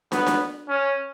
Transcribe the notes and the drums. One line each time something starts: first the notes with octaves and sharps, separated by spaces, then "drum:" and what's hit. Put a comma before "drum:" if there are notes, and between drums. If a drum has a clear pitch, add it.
B3, drum: snare
drum: snare
C#4